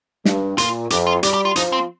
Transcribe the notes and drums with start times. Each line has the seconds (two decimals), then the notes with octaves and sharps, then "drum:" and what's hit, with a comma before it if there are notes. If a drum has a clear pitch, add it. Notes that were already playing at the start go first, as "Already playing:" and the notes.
0.25 G2, drum: snare
0.58 A#2 F4, drum: hi-hat
0.90 F2 G4, drum: hi-hat
1.07 F4
1.23 G3 G4, drum: hi-hat
1.34 G4
1.45 F4
1.56 F3 D#4, drum: hi-hat
1.72 C4